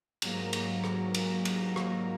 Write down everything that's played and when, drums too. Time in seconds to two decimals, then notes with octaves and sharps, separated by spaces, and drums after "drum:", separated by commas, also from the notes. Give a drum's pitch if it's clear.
0.22 G#2 F#3 A#3 A#5, drum: cymbal
0.53 drum: cymbal
0.84 drum: rim click
1.14 drum: cymbal
1.45 drum: cymbal
1.76 drum: rim click